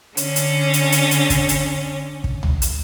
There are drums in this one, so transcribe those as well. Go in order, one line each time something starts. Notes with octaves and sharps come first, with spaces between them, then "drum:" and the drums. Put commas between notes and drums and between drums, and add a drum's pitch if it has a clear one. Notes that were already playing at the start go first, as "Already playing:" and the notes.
D3 C#4, drum: hi-hat
drum: hi-hat
drum: hi-hat
drum: hi-hat
drum: hi-hat
drum: kick, hi-hat
drum: hi-hat
drum: kick
drum: tom
drum: hi-hat